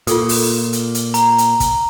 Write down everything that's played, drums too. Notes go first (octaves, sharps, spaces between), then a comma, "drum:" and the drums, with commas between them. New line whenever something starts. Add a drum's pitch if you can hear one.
A#2 F4 A4 D#6, drum: hi-hat
drum: open hi-hat
drum: hi-hat
drum: hi-hat
A#5, drum: hi-hat
drum: hi-hat
drum: kick, hi-hat